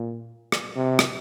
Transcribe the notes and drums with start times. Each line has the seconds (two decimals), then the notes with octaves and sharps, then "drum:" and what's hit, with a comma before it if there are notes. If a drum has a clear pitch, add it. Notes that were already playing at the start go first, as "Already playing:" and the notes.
Already playing: A#2
0.52 drum: rim click
0.76 C3
0.99 drum: rim click